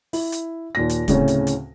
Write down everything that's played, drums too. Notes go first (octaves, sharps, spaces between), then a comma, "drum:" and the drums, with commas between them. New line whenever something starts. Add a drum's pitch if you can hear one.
E4, drum: open hi-hat
drum: hi-hat
D#2 A#2 A#6
drum: hi-hat
D2 A2 C#3 C4 C#4, drum: kick, hi-hat
drum: hi-hat
drum: hi-hat